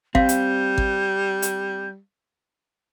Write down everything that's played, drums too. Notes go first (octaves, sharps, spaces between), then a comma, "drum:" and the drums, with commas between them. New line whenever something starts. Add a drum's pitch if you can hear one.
G3 C4 F5 G6, drum: kick G#1
drum: hi-hat
drum: kick G#1
drum: hi-hat